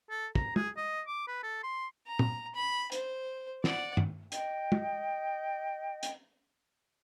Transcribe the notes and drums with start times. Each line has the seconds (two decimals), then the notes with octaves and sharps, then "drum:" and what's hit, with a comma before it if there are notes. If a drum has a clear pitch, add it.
0.10 A4
0.35 A#5, drum: kick
0.56 G#4, drum: tom
0.77 D#5
1.07 D6
1.27 B4
1.43 A4
1.63 C6
2.07 A#5
2.19 drum: tom
2.55 B5
2.92 C5, drum: hi-hat
3.64 D5 F#5, drum: snare
3.97 drum: tom
4.32 D#5 G5, drum: hi-hat
4.72 drum: tom
6.03 drum: hi-hat